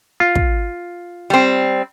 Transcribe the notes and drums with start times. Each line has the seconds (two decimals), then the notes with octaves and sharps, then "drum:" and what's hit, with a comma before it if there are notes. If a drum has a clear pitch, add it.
0.20 F4
0.35 drum: kick
1.30 G3 C4